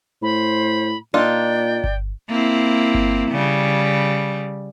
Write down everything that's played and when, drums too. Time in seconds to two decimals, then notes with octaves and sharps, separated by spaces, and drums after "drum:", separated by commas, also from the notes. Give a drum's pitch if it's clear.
0.22 A2 C5 B5
1.14 A#2 D4 D#4 F4 D5 G5
1.84 drum: kick G1
2.29 A#3 C4 E4
2.94 drum: kick G1
3.31 C#3 G3